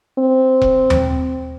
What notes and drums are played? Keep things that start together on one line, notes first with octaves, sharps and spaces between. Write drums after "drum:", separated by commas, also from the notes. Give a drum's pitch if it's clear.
C4
drum: kick E1
drum: tom D#2